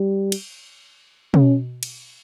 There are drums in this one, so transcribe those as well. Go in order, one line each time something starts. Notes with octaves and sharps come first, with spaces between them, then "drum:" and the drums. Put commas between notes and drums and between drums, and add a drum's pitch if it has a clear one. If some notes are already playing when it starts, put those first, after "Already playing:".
Already playing: G3
drum: cymbal
C#4, drum: tom B2
drum: cymbal